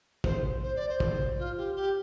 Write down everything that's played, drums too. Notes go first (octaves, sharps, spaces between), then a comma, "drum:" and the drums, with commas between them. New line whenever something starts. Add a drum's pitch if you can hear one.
C5, drum: kick
C5
D5
C5
drum: kick
F4
G4
G4